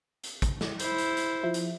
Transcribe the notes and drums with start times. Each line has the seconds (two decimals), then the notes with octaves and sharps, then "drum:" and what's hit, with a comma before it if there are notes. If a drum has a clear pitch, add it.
0.24 drum: hi-hat
0.42 drum: kick, hi-hat
0.61 drum: snare
0.79 E4 C5, drum: hi-hat
0.98 drum: hi-hat
1.17 drum: hi-hat
1.43 F3 E4
1.54 drum: hi-hat